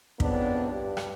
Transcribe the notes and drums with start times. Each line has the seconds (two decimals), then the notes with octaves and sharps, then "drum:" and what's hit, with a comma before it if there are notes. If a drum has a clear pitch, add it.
0.20 F2 G#2 C#3 B3 D4, drum: kick
0.70 G2
0.97 drum: rim click